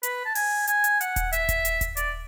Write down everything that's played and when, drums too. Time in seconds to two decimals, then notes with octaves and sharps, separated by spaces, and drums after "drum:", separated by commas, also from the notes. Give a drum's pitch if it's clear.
0.03 B4, drum: hi-hat
0.25 A5
0.35 G#5, drum: open hi-hat
0.67 G#5, drum: hi-hat
0.84 drum: hi-hat
1.01 F#5, drum: hi-hat
1.16 drum: kick D#1, hi-hat
1.33 E5, drum: hi-hat
1.49 drum: kick D#1, hi-hat
1.65 drum: hi-hat
1.81 drum: kick D#1, hi-hat
1.97 D5, drum: hi-hat